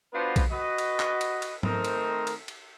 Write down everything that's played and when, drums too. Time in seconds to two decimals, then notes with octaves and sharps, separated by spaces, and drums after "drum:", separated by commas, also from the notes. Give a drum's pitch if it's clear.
0.14 B3 D4 F4 F#4 B4 C5
0.36 drum: kick B1, cymbal
0.52 F#4 B4 D#5
0.78 drum: cymbal
1.00 drum: clap
1.21 drum: cymbal
1.42 drum: cymbal
1.63 D#3 A3 C4 D#4 A#4 C5, drum: tom G#2
1.84 drum: cymbal
2.27 drum: cymbal
2.48 drum: cymbal